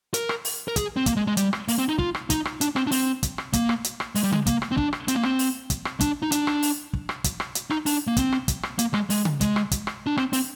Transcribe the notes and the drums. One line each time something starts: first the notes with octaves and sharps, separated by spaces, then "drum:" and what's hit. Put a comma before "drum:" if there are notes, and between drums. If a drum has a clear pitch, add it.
A#4, drum: hi-hat
drum: rim click
drum: open hi-hat
A#4
G#4, drum: kick, hi-hat
C4
A#3, drum: kick, hi-hat
G#3
G#3
G3, drum: hi-hat
drum: rim click
A#3, drum: open hi-hat
C4
D#4
F4, drum: kick
drum: rim click
D#4, drum: kick, hi-hat
drum: rim click
D4, drum: hi-hat
C4, drum: rim click
D4
C4, drum: open hi-hat
drum: kick, hi-hat
drum: rim click
A#3, drum: kick, hi-hat
drum: rim click
drum: hi-hat
drum: rim click
G#3, drum: open hi-hat
G3
G#3, drum: tom C#3
A#3, drum: kick, hi-hat
drum: rim click
C4
D4, drum: kick
drum: rim click
C4, drum: hi-hat
A#3
C4, drum: rim click
drum: open hi-hat
drum: kick, hi-hat
drum: rim click
D4, drum: kick, hi-hat
D#4
D4, drum: hi-hat
drum: rim click
drum: open hi-hat
drum: kick
drum: rim click
drum: kick, hi-hat
drum: rim click
drum: hi-hat
D#4, drum: rim click
D4, drum: open hi-hat
A#3
C4, drum: kick, hi-hat
drum: rim click
drum: kick, hi-hat
drum: rim click
A#3, drum: hi-hat
G#3, drum: rim click
G#3, drum: open hi-hat
drum: tom C#3
G#3, drum: kick, hi-hat
drum: rim click
drum: kick, hi-hat
drum: rim click
D4
C4, drum: rim click
C4, drum: open hi-hat